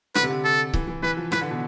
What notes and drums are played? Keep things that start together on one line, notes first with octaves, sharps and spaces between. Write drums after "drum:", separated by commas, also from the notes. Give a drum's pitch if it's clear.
D3 B4, drum: snare
C3
D3
A4
E3, drum: kick C#1
E3
E3 B4
F3
E3 B4, drum: snare
D3
B2